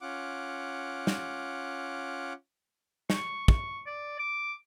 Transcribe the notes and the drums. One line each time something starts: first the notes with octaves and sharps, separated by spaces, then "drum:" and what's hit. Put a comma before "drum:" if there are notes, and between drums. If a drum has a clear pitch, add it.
C#4 F4 F#5 D6
drum: snare
C#6, drum: snare
C#6, drum: kick
D5
D6